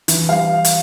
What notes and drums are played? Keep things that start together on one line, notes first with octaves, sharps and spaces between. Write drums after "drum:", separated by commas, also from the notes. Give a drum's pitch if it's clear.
E3, drum: hi-hat
G3 F5
drum: hi-hat